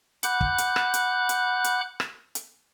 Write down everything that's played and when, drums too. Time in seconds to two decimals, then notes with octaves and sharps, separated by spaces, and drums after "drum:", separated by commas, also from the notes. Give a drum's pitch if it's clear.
0.23 F#5 B5 D6 F#6 G6, drum: hi-hat
0.41 drum: kick
0.58 drum: hi-hat
0.76 drum: rim click
0.94 drum: hi-hat
1.29 drum: hi-hat
1.64 drum: hi-hat
2.00 drum: rim click
2.35 drum: hi-hat